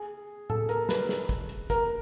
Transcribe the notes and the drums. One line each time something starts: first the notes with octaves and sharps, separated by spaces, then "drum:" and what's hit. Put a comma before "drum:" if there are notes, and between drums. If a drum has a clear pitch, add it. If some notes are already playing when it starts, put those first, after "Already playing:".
Already playing: G#4
A4, drum: tom A2
A#4, drum: hi-hat
B4, drum: snare
drum: snare
drum: kick, hi-hat
drum: hi-hat
A#4, drum: kick, hi-hat